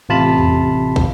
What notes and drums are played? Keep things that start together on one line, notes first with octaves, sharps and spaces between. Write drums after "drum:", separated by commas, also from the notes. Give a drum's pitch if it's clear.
A1 C3 F4 A5 B5
drum: tom E2
drum: kick